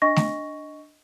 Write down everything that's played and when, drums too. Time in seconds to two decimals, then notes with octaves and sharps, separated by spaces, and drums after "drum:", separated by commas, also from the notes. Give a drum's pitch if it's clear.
0.02 D4 D#5 C#6 A#6
0.16 drum: snare